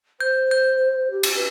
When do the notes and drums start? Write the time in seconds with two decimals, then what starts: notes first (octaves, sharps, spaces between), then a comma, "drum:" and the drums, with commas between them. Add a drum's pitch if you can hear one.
0.21 C5 G6
0.51 G6
1.11 G4
1.23 drum: cymbal
1.36 B4